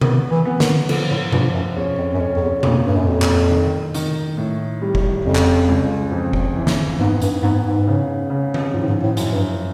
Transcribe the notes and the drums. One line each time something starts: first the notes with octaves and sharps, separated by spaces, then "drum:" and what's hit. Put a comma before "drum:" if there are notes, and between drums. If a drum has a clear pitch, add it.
D#3 B3, drum: tom B2
E3
B3
D#3, drum: snare
D3 F3, drum: cymbal
A2
G2 F3, drum: tom B2
F#2
E2 C#4
F2
F#2
F2 C#4
F2
E2
F2 A#2, drum: tom B2
G2
F#2
F2 F#3
drum: clap
D#3
D#3, drum: hi-hat
A2
G3
drum: kick
F2 C#3
drum: clap
C#2
F2
drum: kick
E3
drum: snare
G#2 B3
G2, drum: hi-hat
G#2 B3
G#2
C#3
C#3
drum: tom D#3
G#2 F3
A2
G#2
A2
F#2, drum: hi-hat
G2